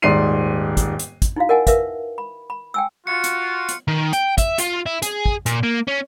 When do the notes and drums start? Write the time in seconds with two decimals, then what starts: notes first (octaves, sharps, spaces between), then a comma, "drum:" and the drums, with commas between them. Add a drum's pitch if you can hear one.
0.02 D#1 G#2 D5 C6 C7 D#7
0.77 drum: kick, hi-hat
0.99 drum: hi-hat
1.22 drum: kick, hi-hat
1.36 D#4 E4 F#4 F5
1.49 A#4 D#5 F#5 G#5 A5
1.67 A#4 B4 E5 F5, drum: kick, hi-hat
2.18 B5
2.50 B5
2.74 G5 G#5 E6
3.07 F4 F#4 C#7
3.24 drum: hi-hat
3.69 drum: hi-hat
3.88 D#3
4.13 G5, drum: hi-hat
4.38 E5, drum: kick, hi-hat
4.58 F4, drum: hi-hat
4.86 E4
5.02 G#4, drum: hi-hat
5.26 drum: kick
5.46 A#2, drum: hi-hat
5.63 A#3
5.87 C#4